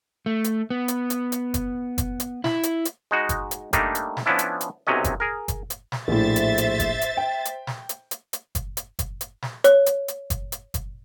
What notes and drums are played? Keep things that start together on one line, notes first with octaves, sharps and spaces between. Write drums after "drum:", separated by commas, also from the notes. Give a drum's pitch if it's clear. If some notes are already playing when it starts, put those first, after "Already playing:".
A3
drum: hi-hat
B3
drum: hi-hat
drum: hi-hat
drum: hi-hat
drum: kick F#1, hi-hat
drum: kick F#1, hi-hat
drum: hi-hat
E4, drum: snare
drum: hi-hat
drum: hi-hat
G#3 D#4 F#4
drum: kick F#1, hi-hat
drum: hi-hat
G3 A3 A#3 D4 D#4, drum: kick F#1, hi-hat
drum: hi-hat
drum: snare
F3 B3 C#4 D4 E4
drum: hi-hat
drum: hi-hat
B1 C3 F#3 C#4 D#5
drum: kick F#1, hi-hat
G#4 A#4
drum: kick F#1, hi-hat
drum: hi-hat
drum: snare
A#1 A2 C5 E5 A6
drum: hi-hat
drum: hi-hat
drum: kick F#1, hi-hat
drum: hi-hat
G5
drum: hi-hat
drum: snare
drum: hi-hat
drum: hi-hat
drum: hi-hat
drum: kick F#1, hi-hat
drum: hi-hat
drum: kick F#1, hi-hat
drum: hi-hat
drum: snare
C#5, drum: hi-hat
drum: hi-hat
drum: hi-hat
drum: kick F#1, hi-hat
drum: hi-hat
drum: kick F#1, hi-hat